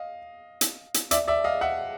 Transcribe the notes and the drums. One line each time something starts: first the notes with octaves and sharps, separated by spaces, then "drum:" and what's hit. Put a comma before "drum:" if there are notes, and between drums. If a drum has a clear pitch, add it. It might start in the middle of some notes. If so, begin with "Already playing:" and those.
Already playing: D#5 F5
drum: hi-hat
drum: hi-hat
D5 E5, drum: hi-hat
D5 E5
D#5 F5
E5 F#5